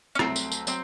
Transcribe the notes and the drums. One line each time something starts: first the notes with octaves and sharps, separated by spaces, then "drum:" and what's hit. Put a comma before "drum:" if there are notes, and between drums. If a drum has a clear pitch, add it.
C#4
C2 C3 F#3 A3 C4, drum: rim click
drum: tambourine
drum: tambourine
F#3 C4, drum: tambourine